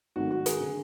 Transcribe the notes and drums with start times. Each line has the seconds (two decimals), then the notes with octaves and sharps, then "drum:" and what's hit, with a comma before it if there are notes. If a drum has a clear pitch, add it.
0.16 G#1 G#2 D#3 F#3 A3 F#4
0.31 F#4
0.46 G#4, drum: hi-hat
0.60 D3